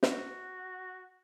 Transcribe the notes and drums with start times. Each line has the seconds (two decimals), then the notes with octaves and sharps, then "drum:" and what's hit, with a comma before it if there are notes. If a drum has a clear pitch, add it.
0.03 F#4, drum: snare